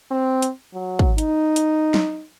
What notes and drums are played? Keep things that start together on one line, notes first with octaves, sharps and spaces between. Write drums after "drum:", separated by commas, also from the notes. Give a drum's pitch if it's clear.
C4
drum: hi-hat
F#3
drum: kick
D#4, drum: hi-hat
drum: hi-hat
drum: snare